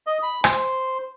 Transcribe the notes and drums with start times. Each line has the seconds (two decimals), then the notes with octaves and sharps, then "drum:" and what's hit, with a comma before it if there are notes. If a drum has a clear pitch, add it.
0.07 D#5
0.23 B5
0.44 C5, drum: rim click